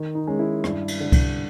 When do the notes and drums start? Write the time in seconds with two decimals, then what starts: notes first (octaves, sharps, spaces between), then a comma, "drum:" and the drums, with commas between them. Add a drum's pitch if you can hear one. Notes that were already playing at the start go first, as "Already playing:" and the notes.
Already playing: D#3
0.15 D#4
0.27 G#3 C#4
0.39 E4
0.64 G2, drum: rim click
0.88 drum: cymbal
1.00 D3 G3
1.12 drum: kick C2, cymbal